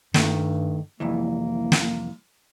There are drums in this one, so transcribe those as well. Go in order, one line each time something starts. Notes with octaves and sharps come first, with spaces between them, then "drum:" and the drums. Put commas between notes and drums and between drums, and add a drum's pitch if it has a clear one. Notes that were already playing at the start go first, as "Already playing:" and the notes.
G2 D#3 A3, drum: snare
C2 F2 E3 A#3
drum: snare